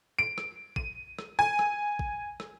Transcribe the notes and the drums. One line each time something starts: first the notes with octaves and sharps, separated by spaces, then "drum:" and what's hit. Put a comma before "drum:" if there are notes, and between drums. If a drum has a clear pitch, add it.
D7
drum: rim click
D#7, drum: kick
drum: rim click
G#5
drum: rim click
drum: kick
drum: rim click